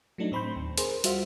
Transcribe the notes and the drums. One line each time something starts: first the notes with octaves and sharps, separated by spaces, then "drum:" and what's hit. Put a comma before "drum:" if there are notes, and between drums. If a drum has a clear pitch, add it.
F#3 A3 D4 D#4
A2 C4 B5 C6 G6
D#2
G#4 A#4 C5, drum: hi-hat
G3 F4 F#4 C5 E5 F5, drum: hi-hat